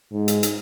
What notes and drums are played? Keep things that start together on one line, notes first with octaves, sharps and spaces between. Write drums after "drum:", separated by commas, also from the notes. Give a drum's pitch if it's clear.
G#2
drum: hi-hat
drum: hi-hat